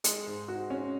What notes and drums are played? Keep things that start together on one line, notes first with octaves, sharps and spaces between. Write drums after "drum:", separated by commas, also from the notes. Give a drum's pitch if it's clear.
G#3, drum: hi-hat
G#2
F#4
C#4